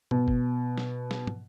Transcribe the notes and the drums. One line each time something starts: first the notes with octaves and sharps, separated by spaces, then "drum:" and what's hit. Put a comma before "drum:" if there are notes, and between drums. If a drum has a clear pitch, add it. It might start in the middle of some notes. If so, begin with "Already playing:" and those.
B2, drum: tom
drum: kick F#1
drum: snare
drum: snare
drum: tom